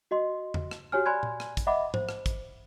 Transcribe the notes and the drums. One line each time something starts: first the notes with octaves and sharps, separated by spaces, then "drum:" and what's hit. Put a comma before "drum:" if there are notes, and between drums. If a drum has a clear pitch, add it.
F#4 D#5 C6
drum: tom E2
drum: rim click
F#4 G4 C#5 G#5 F6
D5 G#5 B5 C6 F#6 G#6
drum: tom A#2
drum: rim click
drum: kick, hi-hat
D#5 E5 F#5 B5 D6
C5, drum: tom G#2
drum: rim click
drum: kick, hi-hat